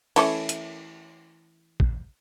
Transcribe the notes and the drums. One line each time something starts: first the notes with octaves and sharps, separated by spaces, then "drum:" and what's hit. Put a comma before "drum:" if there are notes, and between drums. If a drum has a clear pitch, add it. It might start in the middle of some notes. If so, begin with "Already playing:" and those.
E3 A3 C#4, drum: cymbal
drum: hi-hat
drum: kick A1